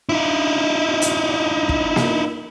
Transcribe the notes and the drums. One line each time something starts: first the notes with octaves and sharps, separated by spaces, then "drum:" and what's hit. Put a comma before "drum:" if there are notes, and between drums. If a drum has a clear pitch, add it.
D#4 E4
drum: hi-hat
drum: kick
drum: snare A#3